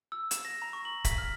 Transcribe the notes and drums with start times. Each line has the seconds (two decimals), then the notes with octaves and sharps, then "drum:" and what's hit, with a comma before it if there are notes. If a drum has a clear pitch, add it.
0.12 E6
0.31 E7, drum: hi-hat
0.45 A#6
0.62 A#5
0.73 C#6
0.85 F#7
1.05 B6, drum: kick D#1, hi-hat
1.18 F6